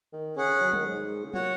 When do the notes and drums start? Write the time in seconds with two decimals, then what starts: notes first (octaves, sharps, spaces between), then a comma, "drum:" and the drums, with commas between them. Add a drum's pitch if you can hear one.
0.13 D#3
0.37 C#3 C#4 G#4 F#5
0.49 C#3
0.61 F#3
0.73 D#3, drum: tom
0.85 G#2
1.25 C#3
1.34 A#2 F#4 C#5 F#5, drum: tom